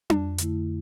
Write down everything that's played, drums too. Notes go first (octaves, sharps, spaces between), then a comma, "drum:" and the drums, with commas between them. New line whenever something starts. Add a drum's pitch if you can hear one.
F2, drum: tom D4
D3 A3 E4, drum: hi-hat